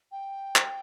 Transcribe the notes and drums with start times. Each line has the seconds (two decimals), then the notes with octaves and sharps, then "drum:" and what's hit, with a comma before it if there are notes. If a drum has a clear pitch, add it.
0.12 G5
0.56 drum: clap